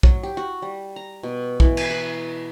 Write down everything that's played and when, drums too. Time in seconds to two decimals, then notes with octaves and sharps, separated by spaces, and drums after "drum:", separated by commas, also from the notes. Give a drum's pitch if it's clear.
0.03 F#3, drum: kick
0.23 G4
0.37 F#4
0.62 G3
0.96 A#5
1.23 B2
1.60 E3, drum: kick
1.77 drum: cymbal
1.91 B4